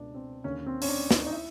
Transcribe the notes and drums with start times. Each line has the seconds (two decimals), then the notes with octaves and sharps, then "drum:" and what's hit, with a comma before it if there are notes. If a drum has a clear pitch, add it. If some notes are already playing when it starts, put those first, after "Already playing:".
Already playing: C#2 B2 D4
0.14 C4
0.44 D#2 D3 C#4
0.66 C4
0.82 C#4, drum: open hi-hat
0.88 D4
1.11 D#4, drum: snare
1.26 D#4
1.32 E4